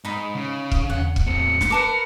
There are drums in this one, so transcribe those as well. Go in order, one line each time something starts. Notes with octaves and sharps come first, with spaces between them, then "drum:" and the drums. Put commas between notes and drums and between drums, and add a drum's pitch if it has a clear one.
G#2 D#4 B5
C#3
drum: kick
E2 F#5
drum: kick
A2 C4 C#7
drum: snare
A#4 B4 A5 D6